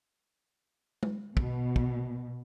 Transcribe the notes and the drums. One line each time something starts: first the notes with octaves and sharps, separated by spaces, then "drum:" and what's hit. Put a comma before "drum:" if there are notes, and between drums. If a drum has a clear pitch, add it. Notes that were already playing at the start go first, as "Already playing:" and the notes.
drum: tom
B2, drum: kick
drum: kick